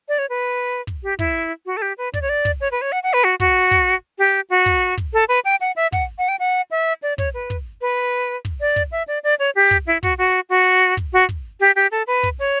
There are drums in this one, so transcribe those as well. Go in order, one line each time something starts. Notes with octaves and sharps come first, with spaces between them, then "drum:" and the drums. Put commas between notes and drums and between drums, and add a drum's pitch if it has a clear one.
D5
C#5
B4
drum: kick
G4
E4, drum: kick
F#4
A4
G4
B4
D5, drum: kick
C#5
D5
drum: kick
C#5
B4
C#5
F#5
F#5
B4
F#4
F#4, drum: kick
drum: kick
G4
F#4
drum: kick
drum: kick
A4
B4
G5
F#5
E5
F#5, drum: kick
F#5
G5
F#5
E5
D5
C#5, drum: kick
B4
drum: kick
B4
drum: kick
D5
drum: kick
E5
D5
D5
C#5
G4
drum: kick
E4
F#4, drum: kick
F#4
F#4
drum: kick
F#4
drum: kick
G4
G4
A4
B4
drum: kick
C#5